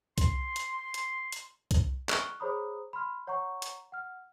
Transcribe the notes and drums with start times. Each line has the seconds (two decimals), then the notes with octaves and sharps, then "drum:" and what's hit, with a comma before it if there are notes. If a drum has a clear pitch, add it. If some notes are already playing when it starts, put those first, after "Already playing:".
0.18 C6, drum: kick C2, hi-hat
0.56 drum: hi-hat
0.94 drum: hi-hat
1.32 drum: hi-hat
1.71 drum: kick C2, hi-hat
2.09 C#6 F6 F#6, drum: clap
2.40 G#4 C5 C#5 A#5 B5 D#6
2.93 B5 C6 F6
3.27 C#5 F#5 A#5 C#6
3.62 drum: hi-hat
3.92 F#5 F6